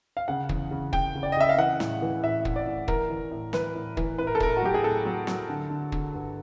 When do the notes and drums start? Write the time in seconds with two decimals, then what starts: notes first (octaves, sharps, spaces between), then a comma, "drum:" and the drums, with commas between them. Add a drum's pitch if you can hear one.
0.17 F5
0.28 C#3 F#5
0.49 E2, drum: kick
0.71 C#3
0.93 C#3 G5, drum: kick
1.15 C#3
1.23 D5
1.32 D#5
1.37 C#3 E5
1.49 F5
1.58 E3 F#5
1.80 A2, drum: snare
2.02 E3
2.24 A2 E5
2.45 A2, drum: kick
2.56 D5
2.66 A2
2.88 E3 A#4, drum: kick
3.10 E3
3.31 A2
3.53 E3 B4, drum: snare
3.75 A2
3.97 E3, drum: kick
4.18 A2 B4
4.27 A#4
4.35 A4
4.40 A2 A#4, drum: kick
4.57 F#4
4.62 F#3 G4
4.74 G#4
4.83 A2 A4
5.05 F#3
5.27 F#3, drum: snare
5.49 D3
5.70 D3
5.92 D3, drum: kick
6.14 G2